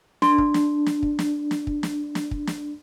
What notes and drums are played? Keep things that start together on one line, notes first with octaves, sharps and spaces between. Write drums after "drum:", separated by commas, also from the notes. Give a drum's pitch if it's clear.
D4 C6, drum: snare
drum: kick
drum: snare
drum: snare
drum: kick
drum: snare
drum: snare
drum: kick
drum: snare
drum: snare
drum: kick
drum: snare